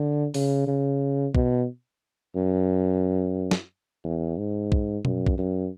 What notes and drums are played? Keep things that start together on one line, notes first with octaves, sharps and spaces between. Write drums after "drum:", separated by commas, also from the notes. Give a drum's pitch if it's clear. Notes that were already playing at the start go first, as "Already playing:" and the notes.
Already playing: D3
C#3, drum: open hi-hat
C#3
B2, drum: kick
F#2
drum: snare
E2
G#2
drum: kick
F#2, drum: tom B2
drum: kick
F#2